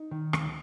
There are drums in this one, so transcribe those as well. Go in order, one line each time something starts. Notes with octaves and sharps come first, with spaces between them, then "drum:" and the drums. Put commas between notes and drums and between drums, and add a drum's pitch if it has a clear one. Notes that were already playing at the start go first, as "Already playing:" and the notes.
Already playing: D#4
D#3
D2, drum: rim click